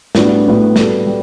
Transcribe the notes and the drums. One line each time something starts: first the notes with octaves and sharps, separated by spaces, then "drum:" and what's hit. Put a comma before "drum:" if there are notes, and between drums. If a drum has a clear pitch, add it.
A2 G3 B3 D4 F#4, drum: snare
A2 G3 B3 D4 F#4
G3 B3 F#4 A4, drum: snare
G3